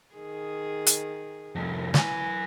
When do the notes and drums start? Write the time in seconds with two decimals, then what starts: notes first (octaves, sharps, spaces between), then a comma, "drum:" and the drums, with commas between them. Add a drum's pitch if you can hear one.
0.15 D#3 G#4
0.87 drum: hi-hat
1.55 C2 F2
1.94 E3 F#3 G#5, drum: snare